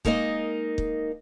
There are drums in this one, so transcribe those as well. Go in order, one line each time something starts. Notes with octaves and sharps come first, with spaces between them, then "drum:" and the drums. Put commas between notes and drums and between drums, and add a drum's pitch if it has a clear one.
G#3 A#3 D#4 A#4 D#5, drum: kick
drum: kick